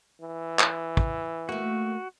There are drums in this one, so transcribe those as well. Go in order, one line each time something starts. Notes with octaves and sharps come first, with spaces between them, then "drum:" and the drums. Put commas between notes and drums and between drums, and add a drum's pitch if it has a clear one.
E3
drum: clap
drum: kick
A3 A#3 F#4